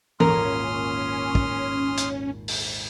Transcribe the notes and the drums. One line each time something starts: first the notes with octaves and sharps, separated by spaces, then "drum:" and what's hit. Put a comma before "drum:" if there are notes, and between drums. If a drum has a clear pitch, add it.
D#1 G#1 A#3 C#4 A#4 C6 D#6 F6, drum: tom E3
drum: kick
drum: hi-hat
drum: open hi-hat